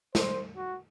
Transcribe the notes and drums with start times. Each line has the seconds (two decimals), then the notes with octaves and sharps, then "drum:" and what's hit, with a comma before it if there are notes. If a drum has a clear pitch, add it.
0.15 C5, drum: snare
0.57 F#4